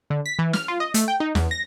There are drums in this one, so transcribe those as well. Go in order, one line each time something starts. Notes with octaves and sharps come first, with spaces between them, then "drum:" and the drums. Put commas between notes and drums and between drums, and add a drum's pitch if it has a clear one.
D3
B6
E3
F6, drum: snare
F4
D#5
A3, drum: hi-hat
G5
D#4
E2, drum: snare
A#6